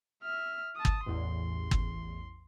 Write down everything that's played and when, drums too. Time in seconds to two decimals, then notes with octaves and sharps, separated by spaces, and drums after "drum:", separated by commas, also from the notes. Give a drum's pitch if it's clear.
0.23 E5 F6
0.75 A5 D#6
0.85 drum: kick G1
1.06 A1 E2 C6
1.71 drum: kick G1